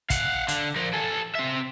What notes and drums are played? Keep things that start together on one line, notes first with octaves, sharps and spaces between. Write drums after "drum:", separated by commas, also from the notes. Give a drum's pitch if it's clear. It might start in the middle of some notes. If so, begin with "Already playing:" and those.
F5 F#5, drum: kick, hi-hat
D3, drum: hi-hat
F3 A#4
A4 G#5
C4 E5